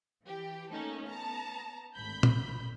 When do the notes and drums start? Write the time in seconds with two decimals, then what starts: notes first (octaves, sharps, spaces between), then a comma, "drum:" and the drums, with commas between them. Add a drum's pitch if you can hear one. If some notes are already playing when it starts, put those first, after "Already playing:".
0.25 E3 G4
0.71 A3 A#3 C#4 D#4 A4
1.06 B3 A5 A#5
1.95 G#1 D2 B5 G6
2.23 drum: tom A#2